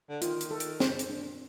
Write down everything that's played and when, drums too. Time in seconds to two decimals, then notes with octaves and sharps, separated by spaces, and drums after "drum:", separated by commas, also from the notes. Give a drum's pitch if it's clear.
0.09 D3
0.22 D#3 F4, drum: hi-hat
0.41 drum: hi-hat
0.51 A4
0.60 drum: hi-hat
0.80 C5, drum: snare
0.99 drum: hi-hat
1.10 D4